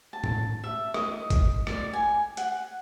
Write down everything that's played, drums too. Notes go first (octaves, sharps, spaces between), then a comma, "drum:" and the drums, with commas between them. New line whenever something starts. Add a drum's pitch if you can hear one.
A5
drum: tom A2
E5
D#5, drum: rim click
drum: kick G#1, hi-hat
D5, drum: rim click
G#5
F#5, drum: hi-hat